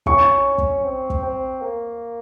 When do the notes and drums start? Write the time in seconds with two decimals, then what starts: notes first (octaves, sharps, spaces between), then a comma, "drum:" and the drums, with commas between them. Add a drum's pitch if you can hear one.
0.06 C#4 C#6, drum: kick
0.58 drum: kick
0.84 C4
1.10 drum: kick
1.23 C4
1.62 A#3